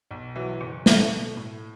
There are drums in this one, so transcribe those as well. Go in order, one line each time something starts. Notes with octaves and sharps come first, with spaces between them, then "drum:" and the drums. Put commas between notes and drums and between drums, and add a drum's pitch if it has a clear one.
B1
E3 F#3
F#1
B2 D3, drum: snare
B2
A2